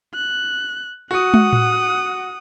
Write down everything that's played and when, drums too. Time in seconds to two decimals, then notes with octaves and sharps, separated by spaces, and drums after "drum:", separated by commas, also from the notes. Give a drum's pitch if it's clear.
0.14 F#6
1.11 F#4 F#5 D#6
1.34 drum: tom
1.53 drum: tom A2